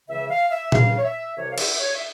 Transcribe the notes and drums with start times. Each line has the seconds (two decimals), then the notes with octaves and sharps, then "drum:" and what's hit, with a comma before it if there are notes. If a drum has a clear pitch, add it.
0.08 C#2 C#3 E3 E5
0.30 F5
0.51 E5
0.72 C#2 C#3 E3 F5, drum: tom A#2
0.98 C#5
1.05 E5
1.36 C2 C3 E3 C#5
1.51 F5
1.58 E5, drum: cymbal
1.79 C#5
1.96 E5